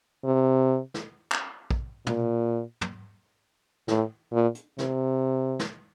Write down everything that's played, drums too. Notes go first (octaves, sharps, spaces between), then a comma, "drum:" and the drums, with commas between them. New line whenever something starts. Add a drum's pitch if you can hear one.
C3
drum: snare
drum: clap
drum: kick
A#2, drum: tom
drum: tom
A2, drum: snare
A#2
drum: hi-hat
C3, drum: snare
drum: snare